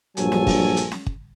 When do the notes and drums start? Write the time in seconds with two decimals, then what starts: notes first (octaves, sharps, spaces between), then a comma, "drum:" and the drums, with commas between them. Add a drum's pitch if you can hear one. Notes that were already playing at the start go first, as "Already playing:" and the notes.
0.17 A#1 G2 F#3 A4 G#5, drum: hi-hat
0.32 drum: snare C#4
0.47 drum: kick, open hi-hat
0.77 drum: hi-hat
0.92 drum: snare C#4
1.06 drum: kick